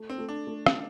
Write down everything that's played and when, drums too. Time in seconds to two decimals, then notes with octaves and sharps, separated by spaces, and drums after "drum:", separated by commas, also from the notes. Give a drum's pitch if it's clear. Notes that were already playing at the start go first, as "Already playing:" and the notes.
Already playing: A3
0.10 C4
0.18 A3
0.28 D4
0.47 A3
0.66 drum: rim click